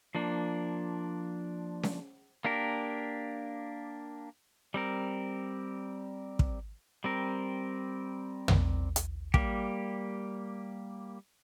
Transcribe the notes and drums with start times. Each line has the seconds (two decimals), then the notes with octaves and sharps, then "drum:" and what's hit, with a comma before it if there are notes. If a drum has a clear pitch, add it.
0.15 F3 A#3 D4
1.83 drum: snare C#4
2.45 A#3 D4 G4 A#4
4.74 G3 C4 A#4
6.39 drum: kick
7.04 G3 C4 A#4
8.48 drum: tom
8.96 drum: hi-hat
9.34 G3 A#3 G4, drum: kick